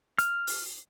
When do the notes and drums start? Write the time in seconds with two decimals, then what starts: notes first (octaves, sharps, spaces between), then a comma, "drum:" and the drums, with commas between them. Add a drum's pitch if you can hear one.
0.19 F6, drum: hi-hat
0.47 drum: open hi-hat